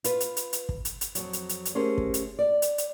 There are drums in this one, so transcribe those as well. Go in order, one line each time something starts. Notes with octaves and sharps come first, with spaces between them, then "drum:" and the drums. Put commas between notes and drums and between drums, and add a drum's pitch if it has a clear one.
F4 B4, drum: hi-hat
drum: hi-hat
drum: hi-hat
drum: hi-hat
drum: kick
drum: hi-hat
drum: hi-hat
F2 F#3, drum: hi-hat
drum: hi-hat
drum: hi-hat
drum: hi-hat
A3 C#4 G4 G#4 A#4 C5
drum: kick
drum: hi-hat
D5
drum: hi-hat
drum: hi-hat